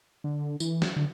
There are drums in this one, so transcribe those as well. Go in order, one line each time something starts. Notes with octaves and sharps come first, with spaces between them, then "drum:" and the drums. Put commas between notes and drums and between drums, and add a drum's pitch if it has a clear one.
D3
E3, drum: tambourine
drum: snare
D3